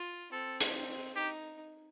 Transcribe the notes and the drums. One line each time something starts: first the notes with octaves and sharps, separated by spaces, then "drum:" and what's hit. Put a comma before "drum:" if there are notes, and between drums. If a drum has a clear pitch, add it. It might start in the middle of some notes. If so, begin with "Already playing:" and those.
Already playing: F4
C4 A4
drum: hi-hat
D#4 G4